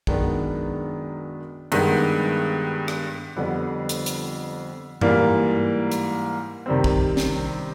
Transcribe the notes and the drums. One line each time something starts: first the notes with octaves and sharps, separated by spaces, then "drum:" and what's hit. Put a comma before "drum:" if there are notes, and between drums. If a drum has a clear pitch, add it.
F#2 D#3 G#3 B3 D4, drum: kick
G2 D#3 G#3 B3, drum: cymbal
drum: rim click
F2 D3 G3 B3
drum: hi-hat
drum: hi-hat
G#2 E3 G3 A#3, drum: tom G2
drum: hi-hat
C3 D#3 G3 C4
drum: kick
drum: snare